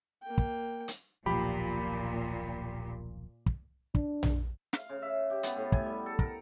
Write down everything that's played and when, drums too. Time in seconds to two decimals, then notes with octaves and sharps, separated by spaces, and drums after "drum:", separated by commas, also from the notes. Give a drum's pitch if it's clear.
0.23 A#3 G5
0.38 drum: kick
0.88 drum: hi-hat
1.26 D#1 B1 A#2 F3 G4 B5
3.46 drum: kick
3.95 D4, drum: kick
4.23 drum: tom A#1
4.73 F5, drum: snare
4.89 C#3
5.02 E5
5.30 G4
5.43 B3, drum: hi-hat
5.56 A2
5.72 G#5, drum: kick
5.86 G3
6.06 A4
6.19 A#4, drum: kick